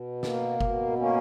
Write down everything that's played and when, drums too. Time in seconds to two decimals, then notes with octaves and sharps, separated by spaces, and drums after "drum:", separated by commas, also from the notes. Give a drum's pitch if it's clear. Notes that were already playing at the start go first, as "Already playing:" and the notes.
Already playing: B2
0.23 A#3, drum: snare
0.61 B2, drum: kick F#1
0.98 A#3 C#4